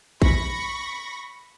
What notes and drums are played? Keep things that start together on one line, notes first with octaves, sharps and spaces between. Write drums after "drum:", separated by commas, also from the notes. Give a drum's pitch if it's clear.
B5 C#6 A#6, drum: kick A1